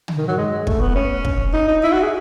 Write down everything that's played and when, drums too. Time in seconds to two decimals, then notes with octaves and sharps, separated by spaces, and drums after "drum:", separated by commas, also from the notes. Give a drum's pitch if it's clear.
0.08 drum: tom
0.17 D#3
0.28 F#3
0.38 G#3
0.67 A3, drum: kick
0.80 B3
0.95 C#4
1.25 drum: kick
1.53 D#4
1.68 D#4
1.83 E4
1.92 F#4
2.03 G#4